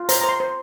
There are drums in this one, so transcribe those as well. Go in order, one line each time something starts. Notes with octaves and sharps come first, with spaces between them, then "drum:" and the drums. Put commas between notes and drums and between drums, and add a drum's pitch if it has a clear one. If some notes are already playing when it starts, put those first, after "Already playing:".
Already playing: F4
C5 A#5, drum: hi-hat
C5 A#5
C6
C5